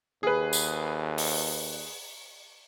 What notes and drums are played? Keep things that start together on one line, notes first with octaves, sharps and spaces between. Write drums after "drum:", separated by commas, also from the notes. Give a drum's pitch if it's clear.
D#2 G#4 B4
drum: tambourine
drum: open hi-hat